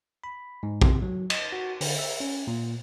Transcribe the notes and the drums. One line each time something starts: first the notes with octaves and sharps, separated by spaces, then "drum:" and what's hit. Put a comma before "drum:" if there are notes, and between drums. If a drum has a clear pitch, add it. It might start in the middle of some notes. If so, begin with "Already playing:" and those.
B5
G#2
C3, drum: kick A#1
F#3
D#5, drum: cymbal
F#4
D3, drum: open hi-hat
E5
C#4
A#2